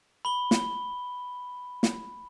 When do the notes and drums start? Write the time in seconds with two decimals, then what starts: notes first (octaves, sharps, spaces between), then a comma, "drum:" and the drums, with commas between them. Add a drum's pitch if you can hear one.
0.25 B5 G7
0.51 drum: snare
1.83 drum: snare